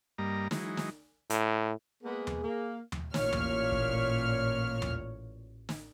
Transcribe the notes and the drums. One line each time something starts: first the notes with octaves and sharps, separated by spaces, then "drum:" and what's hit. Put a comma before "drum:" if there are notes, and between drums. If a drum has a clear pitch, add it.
G2 G3 A#3 D#5 A#5
E3 F#3 G#3 D#4, drum: snare
drum: snare
A2, drum: hi-hat
G#3 A#3 B3 G#4
drum: tom D#2
A#3
drum: tom D#2
A1 A#2 C#5 F6, drum: snare
drum: tom D#2
drum: kick
drum: tom D#2
drum: snare